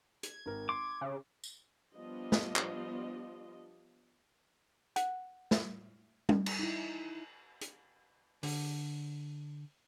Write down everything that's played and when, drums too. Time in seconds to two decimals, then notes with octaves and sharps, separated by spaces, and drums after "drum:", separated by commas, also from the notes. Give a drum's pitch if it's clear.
0.23 G#6, drum: hi-hat
0.46 G#1 A#4
0.69 C6 D6
1.01 C#3
1.44 drum: tambourine
1.94 F3 G3 B3 D4 F4 D#5
2.32 drum: snare
2.56 drum: clap
4.96 F#5, drum: hi-hat
5.51 drum: snare
6.29 drum: tom G3
6.46 drum: cymbal
6.59 D#4 E4
7.61 drum: hi-hat
8.43 D3, drum: open hi-hat